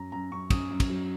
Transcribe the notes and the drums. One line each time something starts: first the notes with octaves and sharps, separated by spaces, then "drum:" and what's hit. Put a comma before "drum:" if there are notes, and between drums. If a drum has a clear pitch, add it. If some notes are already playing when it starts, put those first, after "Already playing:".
Already playing: F#2 A#5
F#2 A#5
F#2 C#6
F#2 D#6, drum: kick, cymbal
F#2
drum: kick, cymbal
F#3